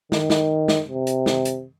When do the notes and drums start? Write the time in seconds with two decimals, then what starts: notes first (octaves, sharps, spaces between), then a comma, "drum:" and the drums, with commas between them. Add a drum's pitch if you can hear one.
0.12 D#3, drum: snare
0.30 drum: snare
0.68 drum: snare
0.88 C3
1.07 drum: hi-hat
1.26 drum: snare
1.45 drum: hi-hat